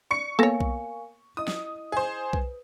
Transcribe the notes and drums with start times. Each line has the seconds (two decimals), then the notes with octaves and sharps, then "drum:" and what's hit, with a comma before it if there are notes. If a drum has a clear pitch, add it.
0.11 D5 C#6 C#7
0.39 A#3 B3 A4 A#4 C#5 F5 G#5 A#6
0.60 drum: kick B1
1.37 E4 D#5 D#6
1.48 drum: snare
1.92 G#4 C5
2.33 B4, drum: kick B1